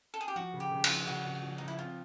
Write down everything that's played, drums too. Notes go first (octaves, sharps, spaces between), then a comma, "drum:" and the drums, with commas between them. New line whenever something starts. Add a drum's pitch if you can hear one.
A4
G#4
G4
F3 F#4
C#3
G4
C#3
F4, drum: cymbal
F3
C#3 F#4
C#3
F3
F3 D#4
E4
C4 F4